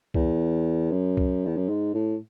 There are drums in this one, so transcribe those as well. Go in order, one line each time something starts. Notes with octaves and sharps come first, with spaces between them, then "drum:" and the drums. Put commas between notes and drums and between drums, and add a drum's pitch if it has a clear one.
E2, drum: kick C2
F#2
drum: kick C2
E2
F#2
G#2
A2